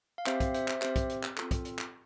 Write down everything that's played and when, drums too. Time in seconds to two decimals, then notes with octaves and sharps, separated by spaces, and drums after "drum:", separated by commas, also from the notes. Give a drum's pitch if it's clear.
0.18 F5
0.26 C4 G4 C5 E5, drum: clap
0.40 drum: kick, hi-hat
0.54 C5 E5, drum: hi-hat
0.68 drum: clap
0.82 C4 G4 C5 E5, drum: clap
0.96 drum: kick, hi-hat
1.10 drum: hi-hat
1.23 drum: clap
1.37 C4 F4 A4, drum: clap
1.51 drum: kick, hi-hat
1.65 drum: hi-hat
1.79 drum: clap